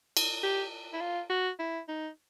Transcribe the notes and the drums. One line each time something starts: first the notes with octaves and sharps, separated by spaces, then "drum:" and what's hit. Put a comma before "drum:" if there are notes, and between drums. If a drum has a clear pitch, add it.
drum: cymbal
G4
E4
F4
F#4
E4
D#4